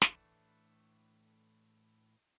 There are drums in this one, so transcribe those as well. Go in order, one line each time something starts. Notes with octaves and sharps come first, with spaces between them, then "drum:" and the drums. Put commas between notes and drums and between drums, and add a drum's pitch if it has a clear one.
A2 E3 A3 D4, drum: snare